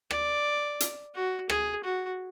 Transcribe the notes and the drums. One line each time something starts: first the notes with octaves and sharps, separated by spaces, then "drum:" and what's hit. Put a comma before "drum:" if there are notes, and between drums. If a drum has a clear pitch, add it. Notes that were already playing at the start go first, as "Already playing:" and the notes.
D5, drum: rim click
drum: hi-hat
F#4
G#4, drum: rim click
F#4